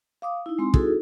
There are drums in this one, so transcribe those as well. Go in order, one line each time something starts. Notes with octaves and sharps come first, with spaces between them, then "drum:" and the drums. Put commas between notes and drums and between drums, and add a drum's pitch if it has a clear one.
F5 D6 D#6
D#4 E4
G#3 C4 C6
D#4 E4 F#4 G#4 A4, drum: kick